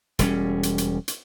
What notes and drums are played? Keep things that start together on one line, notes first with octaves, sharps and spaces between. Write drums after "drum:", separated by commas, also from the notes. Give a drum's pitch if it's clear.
E1 G3 C#4, drum: hi-hat
drum: hi-hat
drum: hi-hat
drum: hi-hat